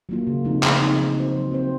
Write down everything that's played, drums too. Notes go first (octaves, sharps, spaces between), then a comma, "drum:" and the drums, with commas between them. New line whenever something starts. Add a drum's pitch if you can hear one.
F#3 A#3 F4
C#3
F3 A3 C4 D#4
C#3, drum: clap
F3 A3 C4 D#4
F#3
C4 F#4 C5
F#3
C4 F#4 C5